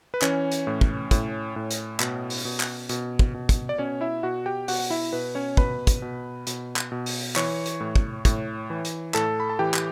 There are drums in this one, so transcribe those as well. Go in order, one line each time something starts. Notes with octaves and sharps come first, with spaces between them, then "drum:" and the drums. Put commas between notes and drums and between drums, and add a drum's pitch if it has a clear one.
B4
E3 C#4 C#5, drum: clap
drum: hi-hat
A2
drum: kick
A2, drum: kick, hi-hat
A2
drum: hi-hat
B2, drum: clap
drum: open hi-hat
B2
drum: clap
B2, drum: hi-hat
drum: kick
B2
drum: kick, hi-hat
D5
B2 C#4 C#5
E4 E5
B2 F#4 F#5
G4 G5
B2 F#4 F#5, drum: open hi-hat
F#5
E4 E5
B2 B4
C#4 C#5
B2 B4 B5, drum: kick
drum: kick, hi-hat
B2
B2, drum: hi-hat
drum: clap
B2
drum: open hi-hat
E3 C#5 C#6, drum: clap
drum: hi-hat
A2
drum: kick
A2, drum: kick, hi-hat
E3
drum: hi-hat
A2 A4 A5, drum: clap
B5
A5
E3 G4 G5
drum: clap